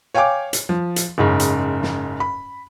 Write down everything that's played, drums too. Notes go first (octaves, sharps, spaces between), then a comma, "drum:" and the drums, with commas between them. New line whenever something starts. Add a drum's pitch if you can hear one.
C#5 F5 G5 G#5 D6
drum: hi-hat
F3
drum: hi-hat
F#1 G#2 C#3
drum: hi-hat
drum: snare
B5